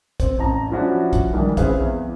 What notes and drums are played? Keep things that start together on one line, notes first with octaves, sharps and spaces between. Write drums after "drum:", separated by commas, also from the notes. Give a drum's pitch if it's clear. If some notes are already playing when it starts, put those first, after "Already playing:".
C4, drum: kick, hi-hat
A1 A5 A#5
F3 F#3 C#4 D4 E4 F#4
drum: kick, hi-hat
D#3 E3 G3 G#3 D4
C4 C#4 G#4 B4 E5 F5, drum: kick, hi-hat
E2